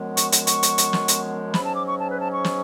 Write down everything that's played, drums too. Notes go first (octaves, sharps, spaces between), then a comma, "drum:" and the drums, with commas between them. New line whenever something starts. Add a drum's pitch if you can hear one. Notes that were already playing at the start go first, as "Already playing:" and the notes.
Already playing: F#2 F3 G#3 B3
C#6, drum: hi-hat
drum: hi-hat
C#6, drum: hi-hat
drum: hi-hat
drum: hi-hat
drum: snare
drum: hi-hat
G#2 F#3 C#4 B5, drum: snare
A5
D6
C#6
A5
B4
A5
C#6
drum: snare